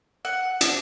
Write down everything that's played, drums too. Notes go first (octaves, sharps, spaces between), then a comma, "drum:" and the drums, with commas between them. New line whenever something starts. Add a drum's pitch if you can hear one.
F#5
D4, drum: hi-hat